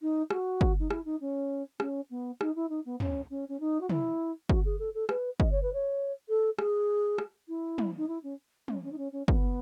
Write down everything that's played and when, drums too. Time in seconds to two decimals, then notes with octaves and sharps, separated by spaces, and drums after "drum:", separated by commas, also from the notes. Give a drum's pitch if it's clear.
0.02 D#4
0.30 F#4, drum: rim click
0.61 drum: kick
0.80 D#4
0.90 E4, drum: rim click
1.05 D#4
1.21 C#4
1.80 C#4, drum: rim click
2.10 B3
2.41 D#4, drum: rim click
2.55 E4
2.70 D#4
2.85 B3
3.00 C#4, drum: tom
3.30 C#4
3.48 C#4
3.60 D#4
3.81 F#4
3.89 E4, drum: tom
4.49 F#4, drum: kick
4.65 G#4
4.79 A4
4.94 A4
5.09 B4, drum: rim click
5.40 D#5, drum: kick
5.51 C#5
5.62 B4
5.73 C#5
6.29 A4
6.59 G#4, drum: rim click
7.18 drum: rim click
7.48 E4
7.78 drum: tom
7.97 D#4
8.08 E4
8.23 C#4
8.68 C#4, drum: tom
8.83 C#4
8.92 D#4
8.98 C#4
9.12 C#4
9.28 B3, drum: kick